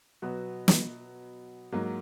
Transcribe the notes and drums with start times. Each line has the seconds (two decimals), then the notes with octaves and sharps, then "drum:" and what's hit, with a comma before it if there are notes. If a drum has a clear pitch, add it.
0.22 B2 F#3 B3 F#4
0.68 drum: snare
1.72 G#2 F#3 A#3